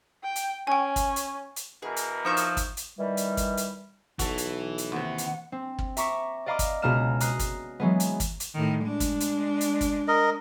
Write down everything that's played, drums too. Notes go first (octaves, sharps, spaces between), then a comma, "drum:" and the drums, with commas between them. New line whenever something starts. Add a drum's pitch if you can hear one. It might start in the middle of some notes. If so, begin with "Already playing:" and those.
G5
drum: hi-hat
C#4 G5 G#5
drum: kick, hi-hat
drum: hi-hat
drum: hi-hat
B2 E3 G#4 A#4
drum: hi-hat
F3 D#4 E5 C#6
drum: hi-hat
drum: kick, hi-hat
drum: hi-hat
D#3 E3 G3
drum: hi-hat
drum: kick, hi-hat
drum: hi-hat
B1 E3 F#4 A4, drum: kick, hi-hat
drum: hi-hat
drum: hi-hat
D#2 C3 F#5
drum: hi-hat
C4
drum: kick
E5 A#5 C#6 D6 B6, drum: hi-hat
D5 D#5 F5 A#5 B5 D6
drum: kick, hi-hat
C#2 B2 B3 A#5 F6 E7
A#5 D#6 F#6 C7, drum: hi-hat
drum: kick, hi-hat
E3 F#3 G#3 B3
drum: hi-hat
drum: kick, hi-hat
drum: hi-hat
A2 D#3
G#3 D4
drum: kick, hi-hat
drum: hi-hat
drum: hi-hat
drum: kick, hi-hat
A#4 D#5